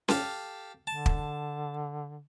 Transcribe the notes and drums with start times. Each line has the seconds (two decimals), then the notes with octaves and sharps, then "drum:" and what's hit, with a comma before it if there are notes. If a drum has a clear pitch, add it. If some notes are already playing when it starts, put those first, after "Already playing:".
0.08 G4 A4 F5, drum: snare C#4
0.87 D3 A5
1.06 drum: kick